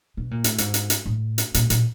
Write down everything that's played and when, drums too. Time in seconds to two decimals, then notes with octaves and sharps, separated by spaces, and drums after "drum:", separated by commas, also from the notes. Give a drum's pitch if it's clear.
0.17 B2
0.31 A#2
0.44 A2, drum: hi-hat
0.58 G#2, drum: hi-hat
0.74 drum: hi-hat
0.90 drum: hi-hat
1.06 A2
1.38 drum: hi-hat
1.54 A#2, drum: hi-hat
1.70 A#2, drum: hi-hat